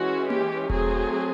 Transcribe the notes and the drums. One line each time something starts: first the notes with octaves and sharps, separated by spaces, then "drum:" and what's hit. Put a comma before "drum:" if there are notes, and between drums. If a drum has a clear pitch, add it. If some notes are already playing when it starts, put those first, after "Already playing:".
Already playing: E3 G#3 C#4 F#4
G4, drum: tom A#3
F#3 A3 C4 G#4, drum: kick E1